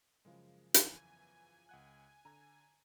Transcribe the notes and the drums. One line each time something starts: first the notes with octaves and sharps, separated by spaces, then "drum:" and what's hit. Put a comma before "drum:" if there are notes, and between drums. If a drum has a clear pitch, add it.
F#2 C#3 F3 G#3
E2 E3 G#5, drum: hi-hat
C#2 F#5 F#6
D3 A#5